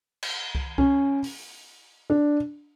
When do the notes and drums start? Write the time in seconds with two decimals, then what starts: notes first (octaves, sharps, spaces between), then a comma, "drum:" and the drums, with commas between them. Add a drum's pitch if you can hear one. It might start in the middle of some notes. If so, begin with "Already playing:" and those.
0.23 drum: cymbal
0.55 drum: kick C2
0.78 C#4, drum: kick C2
1.24 drum: open hi-hat
2.10 D4